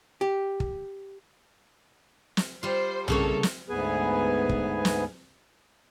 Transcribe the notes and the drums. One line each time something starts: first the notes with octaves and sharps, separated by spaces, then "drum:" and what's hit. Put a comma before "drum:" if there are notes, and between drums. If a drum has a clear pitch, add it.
G4
drum: kick
drum: snare
G3 F4 C5
C2 C#3 A#3 A4 C#5, drum: tom
drum: snare
D2 G#2 B3 G#4 B4 G#5
drum: kick
drum: snare